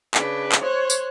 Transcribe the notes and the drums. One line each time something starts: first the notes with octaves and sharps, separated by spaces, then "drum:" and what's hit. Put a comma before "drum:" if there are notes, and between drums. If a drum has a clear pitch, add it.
C#3 D4 B4, drum: clap
drum: clap
C5 C#5 F#6
drum: tambourine